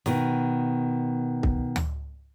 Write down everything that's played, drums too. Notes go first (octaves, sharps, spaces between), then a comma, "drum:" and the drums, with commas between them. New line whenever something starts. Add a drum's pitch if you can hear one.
B2 D#3, drum: snare
drum: kick C2
drum: tom D2